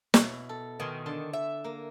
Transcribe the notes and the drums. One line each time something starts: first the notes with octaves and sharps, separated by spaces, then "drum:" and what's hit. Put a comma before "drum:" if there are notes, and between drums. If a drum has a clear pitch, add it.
B2 E4, drum: snare
A4
B2 D#3 G#5 C6
D3 A5 C6
E5
A#3